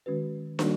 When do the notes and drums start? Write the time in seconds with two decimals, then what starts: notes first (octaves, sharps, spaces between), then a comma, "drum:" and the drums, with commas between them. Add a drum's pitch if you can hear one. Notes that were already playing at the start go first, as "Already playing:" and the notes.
0.06 D#3 G#3 C#4 F#4 B4
0.59 D#3 G3 A#3 D#4 F#4, drum: snare